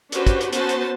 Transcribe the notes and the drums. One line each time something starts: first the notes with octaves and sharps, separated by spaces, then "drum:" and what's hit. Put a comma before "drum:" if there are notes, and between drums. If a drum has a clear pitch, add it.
C#4 D4 F#4 G4 B4 C5, drum: hi-hat
drum: kick, hi-hat
drum: hi-hat
B3 C#4 F#4 B4 C5 A5, drum: hi-hat
drum: hi-hat